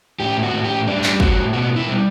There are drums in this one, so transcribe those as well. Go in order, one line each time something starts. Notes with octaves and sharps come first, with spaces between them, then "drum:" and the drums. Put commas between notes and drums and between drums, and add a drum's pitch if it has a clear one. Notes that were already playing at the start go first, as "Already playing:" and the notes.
A2 G4
F#4
A2
G4
G3 D4
drum: clap
A2 F#4, drum: kick
B2 F#4
E4
G3